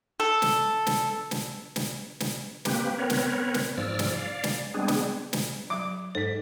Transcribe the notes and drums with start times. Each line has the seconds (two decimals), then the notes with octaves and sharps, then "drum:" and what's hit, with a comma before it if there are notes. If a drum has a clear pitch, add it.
0.20 A4
0.42 drum: snare
0.87 drum: snare
1.31 drum: snare
1.76 drum: snare
2.20 drum: snare
2.65 A#3 C4 G4 B4, drum: snare
2.99 B3 C4 A#4 B4 C#5
3.10 drum: snare
3.54 drum: snare
3.78 G#2 F3 D5 E6 F6
3.99 drum: snare
4.12 D5 F5
4.44 drum: snare
4.74 G3 G#3 B3 C4 D4 G#4
4.88 drum: snare
5.33 drum: snare
5.70 F#3 D6
6.15 G#2 A4 B6